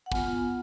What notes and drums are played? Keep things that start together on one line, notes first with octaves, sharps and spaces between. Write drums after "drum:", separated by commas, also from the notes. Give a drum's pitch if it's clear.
F#5
B3 F4 G#5, drum: kick